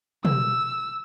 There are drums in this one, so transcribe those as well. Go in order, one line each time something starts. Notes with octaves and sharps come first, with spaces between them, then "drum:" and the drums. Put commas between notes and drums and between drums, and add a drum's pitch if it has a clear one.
E6, drum: tom